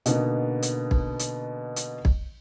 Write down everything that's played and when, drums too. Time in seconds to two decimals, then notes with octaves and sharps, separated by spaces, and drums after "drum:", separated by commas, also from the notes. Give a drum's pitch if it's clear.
0.06 B2 D3 A#3 B3 D#4, drum: hi-hat
0.62 drum: hi-hat
0.91 drum: kick
1.19 drum: hi-hat
1.76 drum: hi-hat
2.05 drum: kick